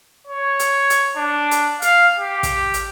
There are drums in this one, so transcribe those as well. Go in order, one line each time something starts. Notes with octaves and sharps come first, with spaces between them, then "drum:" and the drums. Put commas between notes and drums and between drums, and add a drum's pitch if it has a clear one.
C#5
drum: hi-hat
drum: hi-hat
D4
drum: hi-hat
F5, drum: hi-hat
G4
drum: kick, hi-hat
drum: hi-hat